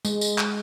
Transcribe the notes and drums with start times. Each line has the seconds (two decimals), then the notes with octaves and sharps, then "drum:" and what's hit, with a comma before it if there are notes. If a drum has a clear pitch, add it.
0.05 G#3, drum: tambourine
0.21 drum: tambourine
0.38 drum: clap